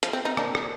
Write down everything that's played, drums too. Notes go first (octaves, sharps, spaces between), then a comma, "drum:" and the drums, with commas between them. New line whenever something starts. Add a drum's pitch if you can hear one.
F3, drum: hi-hat
C4
C4 D#4
A#3 D4, drum: rim click
drum: rim click